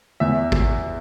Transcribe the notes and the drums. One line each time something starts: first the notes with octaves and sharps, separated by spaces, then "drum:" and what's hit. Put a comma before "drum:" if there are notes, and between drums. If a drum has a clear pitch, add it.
E2 E5
drum: kick